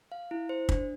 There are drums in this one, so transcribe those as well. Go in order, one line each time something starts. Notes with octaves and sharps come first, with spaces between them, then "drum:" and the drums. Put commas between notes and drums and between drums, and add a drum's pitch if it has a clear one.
F5
E4
C5
D4, drum: kick